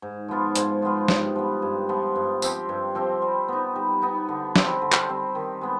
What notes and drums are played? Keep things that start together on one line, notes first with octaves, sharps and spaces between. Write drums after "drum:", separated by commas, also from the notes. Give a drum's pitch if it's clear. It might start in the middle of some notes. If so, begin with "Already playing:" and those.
G#2
F3 B3 F4
G#2, drum: hi-hat
F3 B3 F4
G2, drum: snare
F3 B3
G2
F3 B3
G2
F3 C4 G4, drum: tambourine
G2
F3 C4 G4
G3
B3 D#4
G3
B3 D#4
D3
G3 C4 G4, drum: snare
D3
drum: clap
G3 C4 G4
D#3
G#3 B3